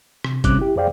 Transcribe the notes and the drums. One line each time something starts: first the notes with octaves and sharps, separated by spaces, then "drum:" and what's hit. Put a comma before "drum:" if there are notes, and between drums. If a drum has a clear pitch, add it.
C3, drum: rim click
C2 C3 G3 C#4 D6 F#6, drum: kick G#1, hi-hat
E4 G4
F2 G#4 C5 D5 F5 G5